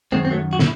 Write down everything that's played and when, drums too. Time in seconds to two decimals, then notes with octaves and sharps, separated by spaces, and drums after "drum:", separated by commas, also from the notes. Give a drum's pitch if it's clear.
0.12 F#2 D#3 G#3 C4
0.25 C4
0.31 F#3 A3
0.53 F#4
0.59 E4, drum: snare